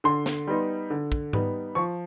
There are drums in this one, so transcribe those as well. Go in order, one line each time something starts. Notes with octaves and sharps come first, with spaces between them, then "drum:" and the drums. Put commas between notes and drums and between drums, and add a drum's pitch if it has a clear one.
D3 C6
drum: snare
G3 B3 D#4
D3
drum: kick
G3 B3 D#4, drum: tom G#2
F3 C#6